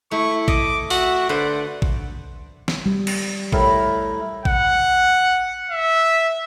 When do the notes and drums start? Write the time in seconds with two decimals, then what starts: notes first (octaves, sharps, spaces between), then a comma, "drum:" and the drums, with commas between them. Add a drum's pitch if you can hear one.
0.11 A3 E4 C#6
0.48 D#5 D6, drum: kick A1
0.90 F#4 E5, drum: open hi-hat
1.29 D3 B4 C5 D5
1.82 drum: kick A1
2.68 drum: snare
2.86 G3
3.07 drum: cymbal
3.52 A2 A#4 B5, drum: kick A1
4.45 F#5, drum: kick A1
5.70 E5